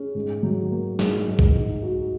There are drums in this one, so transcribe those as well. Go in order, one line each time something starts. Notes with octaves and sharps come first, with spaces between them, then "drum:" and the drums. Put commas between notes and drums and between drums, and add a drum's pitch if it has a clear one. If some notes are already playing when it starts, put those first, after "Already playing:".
Already playing: C#4 G#4
G#2
F#3
A#3
G#2, drum: snare
G#3
drum: kick B1
D#4
F#4